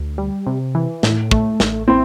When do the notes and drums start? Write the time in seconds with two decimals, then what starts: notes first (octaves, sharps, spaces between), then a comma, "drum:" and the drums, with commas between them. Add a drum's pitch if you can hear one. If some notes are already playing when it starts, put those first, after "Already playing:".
Already playing: D2
0.18 G3
0.47 C3
0.75 E3
1.03 A2, drum: snare
1.31 A3, drum: kick
1.60 A1, drum: snare
1.88 C4 E4